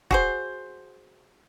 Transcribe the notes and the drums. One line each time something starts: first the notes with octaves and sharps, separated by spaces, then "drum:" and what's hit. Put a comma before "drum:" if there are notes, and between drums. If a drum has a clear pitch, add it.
F#4 G#4 C5, drum: kick